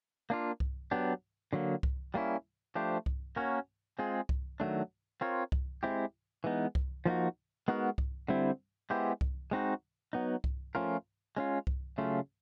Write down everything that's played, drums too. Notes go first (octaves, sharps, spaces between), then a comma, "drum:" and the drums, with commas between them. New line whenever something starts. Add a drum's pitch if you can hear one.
A#3 D4 F4
drum: kick C2
F#3 B3 D4 G4
D3 F#3 A#3
drum: kick C2
G3 A#3 C#4 E4
F3 A3 D4 G4 C5
drum: kick C2
A#3 C#4 F#4 A#4 C#5
G#3 C4 F4 G#4
drum: kick C2
D#3 F#3 A3 D4
C4 F4 A#4 C#5
drum: kick C2
G#3 C4 E4 G4
E3 G#3 B3 D#4
drum: kick C2
F3 A#3 D#4 F#4
G#3 B3 D#4 F#4 A#4
drum: kick C2
D3 G3 C4 E4
G#3 B3 E4 G4 C5
drum: kick C2
G#3 C4 D#4 F#4
F#3 B3 D#4
drum: kick C2
F3 A3 C#4 F4 A#4
G#3 C#4 F4
drum: kick C2
C#3 F#3 A3 C#4 F4